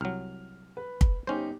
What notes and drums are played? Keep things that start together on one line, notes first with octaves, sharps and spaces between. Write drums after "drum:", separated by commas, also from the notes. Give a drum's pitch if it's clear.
C2 F#3 F6
B4
drum: kick
G1 C#4 D#4 G4 C5